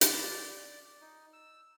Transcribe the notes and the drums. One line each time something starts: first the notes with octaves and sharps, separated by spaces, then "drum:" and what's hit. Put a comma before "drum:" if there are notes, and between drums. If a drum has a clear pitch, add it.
D5, drum: hi-hat
D#4
E6